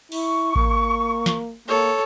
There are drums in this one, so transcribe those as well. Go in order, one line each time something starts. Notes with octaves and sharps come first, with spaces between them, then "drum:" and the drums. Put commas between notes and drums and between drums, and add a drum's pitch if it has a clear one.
E4 C#6, drum: cymbal
A#3, drum: kick A1
drum: snare
A#3 A4 C#5